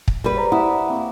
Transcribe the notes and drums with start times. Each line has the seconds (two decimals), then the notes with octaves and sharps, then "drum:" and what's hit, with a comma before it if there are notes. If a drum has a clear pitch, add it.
0.08 drum: kick
0.24 G3 G4 G#4 B4
0.36 C5 D5 A#5
0.52 E4 F#5 D#6
0.89 A#3 C4 D6